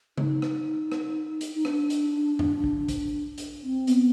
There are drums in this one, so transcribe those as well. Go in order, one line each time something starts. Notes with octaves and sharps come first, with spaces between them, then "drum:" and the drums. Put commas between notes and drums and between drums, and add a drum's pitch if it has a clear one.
D#4, drum: tom C#3
drum: rim click
drum: rim click
drum: hi-hat
D#4
D4, drum: rim click
drum: hi-hat
drum: tom F2
drum: kick
drum: kick, hi-hat
drum: hi-hat
C4
B3, drum: hi-hat